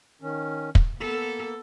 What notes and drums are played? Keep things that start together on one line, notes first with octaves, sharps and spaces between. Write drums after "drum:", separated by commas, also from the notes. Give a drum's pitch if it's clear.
D#3 C#4
drum: kick
A#3 B3 A4